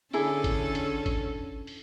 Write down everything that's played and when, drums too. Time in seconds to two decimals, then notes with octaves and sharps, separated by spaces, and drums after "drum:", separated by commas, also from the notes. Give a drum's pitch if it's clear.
0.13 D3 C#4 D4 E4 G#4 A4, drum: open hi-hat
0.44 drum: kick G#1, hi-hat
0.75 drum: hi-hat
1.06 drum: kick G#1, hi-hat
1.67 drum: open hi-hat